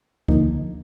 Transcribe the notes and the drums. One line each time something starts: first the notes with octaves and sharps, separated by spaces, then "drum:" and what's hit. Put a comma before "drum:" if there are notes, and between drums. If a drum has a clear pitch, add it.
D3 F3 A#3 D#4, drum: kick C#2